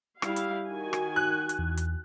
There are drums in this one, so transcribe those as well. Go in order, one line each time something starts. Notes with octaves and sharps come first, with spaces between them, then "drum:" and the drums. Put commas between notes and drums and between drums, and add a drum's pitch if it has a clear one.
G3 E4 F5, drum: rim click
drum: hi-hat
D#3 F#4 G#5
drum: rim click
F#6
drum: hi-hat
E2
drum: hi-hat